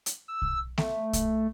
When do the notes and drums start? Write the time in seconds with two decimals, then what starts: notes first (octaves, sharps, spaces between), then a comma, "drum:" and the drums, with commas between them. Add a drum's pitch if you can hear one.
0.06 drum: hi-hat
0.28 E6
0.42 drum: kick
0.78 A3, drum: snare A3
1.13 drum: kick, hi-hat